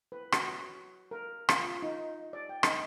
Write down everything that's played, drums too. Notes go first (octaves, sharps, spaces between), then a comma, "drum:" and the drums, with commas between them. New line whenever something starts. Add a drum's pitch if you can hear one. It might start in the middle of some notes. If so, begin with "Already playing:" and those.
B4
F#4, drum: rim click
A#4
F4, drum: rim click
D#4
D5
G5
D#4, drum: rim click